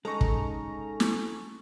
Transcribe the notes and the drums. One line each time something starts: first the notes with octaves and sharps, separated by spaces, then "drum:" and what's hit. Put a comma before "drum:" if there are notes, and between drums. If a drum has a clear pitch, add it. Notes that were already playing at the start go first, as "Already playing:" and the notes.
G#3 C#4 D#4 A4 A#5 C#6
drum: kick
drum: snare